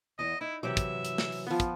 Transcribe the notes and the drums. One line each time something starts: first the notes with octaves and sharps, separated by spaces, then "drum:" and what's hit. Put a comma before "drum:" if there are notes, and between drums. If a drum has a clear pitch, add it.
E2 E4 D#5
D#4 E4
C3 E3 F#3 G4 E5 D6
drum: kick, hi-hat
drum: hi-hat
drum: snare
drum: open hi-hat
F3 B3
drum: kick, hi-hat